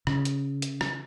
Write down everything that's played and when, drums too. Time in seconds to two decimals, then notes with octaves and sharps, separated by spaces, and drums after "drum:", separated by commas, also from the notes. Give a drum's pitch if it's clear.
0.07 C#3, drum: rim click
0.25 drum: hi-hat
0.62 drum: hi-hat
0.81 drum: rim click